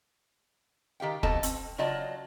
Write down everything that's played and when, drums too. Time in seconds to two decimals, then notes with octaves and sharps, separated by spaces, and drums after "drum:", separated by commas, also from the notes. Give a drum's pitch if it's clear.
1.00 D#3 G4 F5 G5
1.23 F2 B2 A4 D#5 A5, drum: kick
1.43 C4, drum: hi-hat
1.78 C#3 F#3 F4 D5 D#5 A5